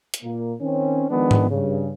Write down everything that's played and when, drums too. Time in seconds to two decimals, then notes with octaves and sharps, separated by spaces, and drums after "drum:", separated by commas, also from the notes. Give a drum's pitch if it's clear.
0.14 drum: hi-hat
0.23 A#2 A#3
0.61 D#3 C4 C#4
1.09 D#3 F3 G#3 B3 D4
1.31 drum: tom G#2
1.50 G2 C#3